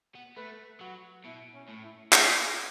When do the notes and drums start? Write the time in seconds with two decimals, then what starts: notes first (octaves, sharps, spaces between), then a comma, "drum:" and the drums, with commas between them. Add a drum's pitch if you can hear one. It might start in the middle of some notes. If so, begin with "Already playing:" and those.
0.15 B3
0.37 A3 B4
0.81 F#3 F#4
1.25 B2 E4
1.54 C#4
1.69 A2
1.84 E4
2.13 A3 B3, drum: clap